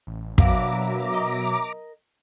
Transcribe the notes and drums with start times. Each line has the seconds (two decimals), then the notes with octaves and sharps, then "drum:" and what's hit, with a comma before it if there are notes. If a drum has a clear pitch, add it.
0.07 A1
0.38 B2 F#3 A#3 B3 D4 E5 A#5 D6, drum: kick
1.12 A#4 D#5